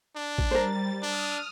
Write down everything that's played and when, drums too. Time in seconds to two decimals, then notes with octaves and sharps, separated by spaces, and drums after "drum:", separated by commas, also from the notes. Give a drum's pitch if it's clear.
0.16 D4
0.38 drum: kick A1
0.51 G3 A#4 C5 A6
1.03 D4 D#6 F6